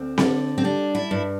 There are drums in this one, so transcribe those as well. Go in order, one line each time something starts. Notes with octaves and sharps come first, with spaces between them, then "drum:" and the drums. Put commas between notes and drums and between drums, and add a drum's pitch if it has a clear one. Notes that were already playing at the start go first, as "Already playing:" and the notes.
Already playing: D2 C4
D3, drum: snare C4
C4
G3 D4
E4
G2